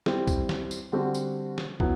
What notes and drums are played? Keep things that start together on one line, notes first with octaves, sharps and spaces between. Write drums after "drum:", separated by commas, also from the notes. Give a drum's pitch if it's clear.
G3 C4 E4, drum: snare
drum: kick, tambourine
drum: snare
drum: tambourine
D3 G3 C4 F#4
drum: tambourine
drum: snare
F#3 B3 E4, drum: kick